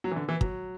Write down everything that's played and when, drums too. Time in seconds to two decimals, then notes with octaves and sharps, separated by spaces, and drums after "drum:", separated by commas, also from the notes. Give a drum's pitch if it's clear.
0.04 F#3
0.11 E3
0.16 D3
0.29 E3
0.41 F#3, drum: kick